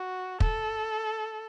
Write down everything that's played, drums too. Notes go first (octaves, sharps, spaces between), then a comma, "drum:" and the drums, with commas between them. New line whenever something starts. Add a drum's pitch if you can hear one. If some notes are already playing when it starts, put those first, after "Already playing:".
Already playing: F#4
A4, drum: kick